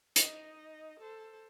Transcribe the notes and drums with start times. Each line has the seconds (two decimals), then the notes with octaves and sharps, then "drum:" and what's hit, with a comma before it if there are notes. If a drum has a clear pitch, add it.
0.16 D#4 D#5, drum: hi-hat
1.00 A4 C5